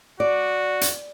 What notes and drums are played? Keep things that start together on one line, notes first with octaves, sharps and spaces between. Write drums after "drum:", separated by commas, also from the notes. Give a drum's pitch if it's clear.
F#4 D5
drum: hi-hat